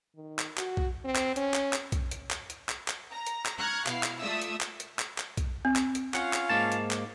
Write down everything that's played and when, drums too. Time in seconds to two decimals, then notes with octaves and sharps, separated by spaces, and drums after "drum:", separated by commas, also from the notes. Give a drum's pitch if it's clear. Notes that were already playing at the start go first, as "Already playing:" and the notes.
0.16 D#3
0.39 drum: clap
0.58 F#4, drum: clap
0.77 drum: kick
1.04 C4
1.16 drum: clap
1.36 C#4, drum: hi-hat
1.54 drum: clap
1.73 drum: clap
1.92 drum: kick, hi-hat
2.11 drum: hi-hat
2.31 drum: clap
2.50 drum: hi-hat
2.69 drum: clap
2.88 drum: clap
3.11 A#5
3.27 drum: hi-hat
3.46 drum: clap
3.57 A#5 C#6 F6 F#6 G#6
3.87 B2 E4 F5 C7, drum: clap
4.03 drum: clap
4.19 A3 F4 D5 E5 D#6 E6
4.42 drum: hi-hat
4.61 drum: clap
4.80 drum: hi-hat
4.99 drum: clap
5.18 drum: clap
5.37 drum: kick, hi-hat
5.65 C4
5.76 drum: clap
5.95 drum: hi-hat
6.14 C#4 F4 F5 F#5, drum: clap
6.33 drum: clap
6.49 G#2 A#3 A5
6.72 drum: hi-hat
6.91 drum: clap